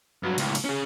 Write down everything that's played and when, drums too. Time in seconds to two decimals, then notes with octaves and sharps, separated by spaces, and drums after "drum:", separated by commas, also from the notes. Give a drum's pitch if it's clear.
0.23 G2 F#3
0.38 C#2 A2, drum: cymbal
0.55 drum: cymbal
0.64 C#4 G#4